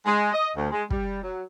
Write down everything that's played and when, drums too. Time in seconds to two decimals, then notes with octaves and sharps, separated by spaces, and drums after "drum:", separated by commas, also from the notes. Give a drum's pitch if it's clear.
0.06 G#3
0.33 D#5
0.56 D2
0.72 G#3
0.90 G3, drum: kick
1.23 F#3